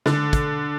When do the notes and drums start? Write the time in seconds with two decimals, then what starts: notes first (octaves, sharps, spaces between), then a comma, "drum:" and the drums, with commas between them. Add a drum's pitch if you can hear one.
0.06 D3, drum: snare
0.33 drum: kick, hi-hat